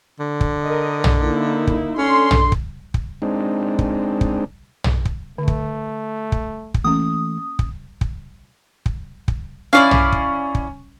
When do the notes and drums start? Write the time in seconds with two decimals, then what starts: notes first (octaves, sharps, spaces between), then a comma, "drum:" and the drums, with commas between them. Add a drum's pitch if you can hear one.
0.20 D3
0.41 drum: kick
0.64 A#4 D#5
1.04 drum: tom
1.20 A#3 D#4 E4
1.67 drum: kick
1.98 D3 C#4 C6
2.31 drum: tom
2.52 drum: kick
2.94 drum: kick
3.22 G#3 C4 D4 D#4
3.79 drum: kick
4.21 drum: kick
4.84 drum: tom
5.05 drum: kick
5.38 D3 A3
5.48 drum: kick
6.32 drum: kick
6.74 drum: kick
6.84 E3 A3 A#3 C#4 D#6
7.59 drum: kick
8.01 drum: kick
8.86 drum: kick
9.28 drum: kick
9.73 C#4 E4 D5 F5
9.91 drum: tom
10.12 drum: kick
10.55 drum: kick